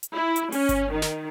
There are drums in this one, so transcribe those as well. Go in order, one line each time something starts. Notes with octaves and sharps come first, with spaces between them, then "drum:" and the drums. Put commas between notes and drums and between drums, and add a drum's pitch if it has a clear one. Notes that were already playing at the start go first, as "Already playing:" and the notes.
drum: hi-hat
E4
drum: hi-hat
C#4, drum: open hi-hat
drum: kick G1, hi-hat
D#3
drum: snare